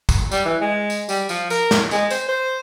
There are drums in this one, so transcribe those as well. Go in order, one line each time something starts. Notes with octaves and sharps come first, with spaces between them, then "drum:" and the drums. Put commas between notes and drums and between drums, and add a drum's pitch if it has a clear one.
drum: kick, tambourine
G3, drum: tambourine
E3
G#3
drum: tambourine
G3, drum: tambourine
F3, drum: tambourine
A#4, drum: tambourine
drum: snare
G#3, drum: tambourine
C5, drum: tambourine
C5